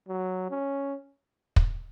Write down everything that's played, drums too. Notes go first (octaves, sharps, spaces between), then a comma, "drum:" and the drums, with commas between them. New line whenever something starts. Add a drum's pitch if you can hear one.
F#3
C#4
drum: kick